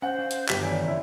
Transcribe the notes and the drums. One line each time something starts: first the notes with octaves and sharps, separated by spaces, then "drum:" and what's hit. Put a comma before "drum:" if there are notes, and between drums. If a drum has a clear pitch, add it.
C#4 C5 F#5
C#4 D5 F5
drum: hi-hat
G1 G4 B6, drum: clap
D#3 E3 C#5 D5 G#5
F#1 E4